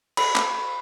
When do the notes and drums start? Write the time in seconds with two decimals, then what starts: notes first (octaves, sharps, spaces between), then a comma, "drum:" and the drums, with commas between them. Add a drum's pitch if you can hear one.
0.17 B5, drum: cymbal
0.36 drum: clap